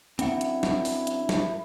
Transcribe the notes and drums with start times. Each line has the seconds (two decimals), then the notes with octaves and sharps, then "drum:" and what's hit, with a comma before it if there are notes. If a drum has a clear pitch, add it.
0.19 F#2 C4 D4 E4 F#5, drum: hi-hat
0.41 drum: hi-hat
0.63 drum: snare
0.85 drum: open hi-hat
1.07 drum: hi-hat
1.29 drum: snare